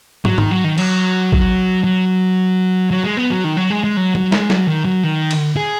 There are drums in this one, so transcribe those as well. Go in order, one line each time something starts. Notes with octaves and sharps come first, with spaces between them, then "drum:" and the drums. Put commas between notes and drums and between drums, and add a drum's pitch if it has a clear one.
F#3, drum: tom
D#3, drum: tom G#2
F#3
D#3
F#3, drum: cymbal
drum: kick A1
F#3
F#3
G#3
B3
F#3
D#3
F#3
G#3
G#3
F#3
F#3, drum: tom
G#3, drum: snare
F#3, drum: snare
D#3
F#3
D#3
drum: cymbal
G#4